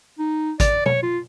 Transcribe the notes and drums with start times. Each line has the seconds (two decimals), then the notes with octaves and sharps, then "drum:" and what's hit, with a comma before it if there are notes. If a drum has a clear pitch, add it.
0.19 D#4
0.60 D5, drum: kick G#1, hi-hat
0.86 C#5, drum: tom
1.03 F4